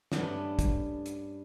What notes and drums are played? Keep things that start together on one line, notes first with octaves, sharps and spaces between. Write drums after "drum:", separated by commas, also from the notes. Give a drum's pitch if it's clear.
G2 A3 B3 C#4 D4, drum: snare
drum: kick, hi-hat
drum: hi-hat